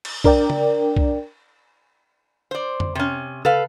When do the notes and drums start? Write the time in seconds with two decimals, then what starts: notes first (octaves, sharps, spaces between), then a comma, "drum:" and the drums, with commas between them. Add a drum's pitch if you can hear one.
0.05 drum: cymbal
0.24 D4 A#4 D5 G5, drum: kick
0.50 drum: tom C#3
0.96 drum: kick
2.51 C5 D5
2.80 drum: tom F2
2.95 C3 C#4
3.45 A4 B4 F5, drum: tom C#3